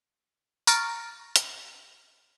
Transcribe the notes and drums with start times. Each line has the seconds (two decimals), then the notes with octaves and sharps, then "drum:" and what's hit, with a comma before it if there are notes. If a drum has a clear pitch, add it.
0.67 A#5 C#6 F6 A6 A#6 D7, drum: tambourine
1.36 drum: hi-hat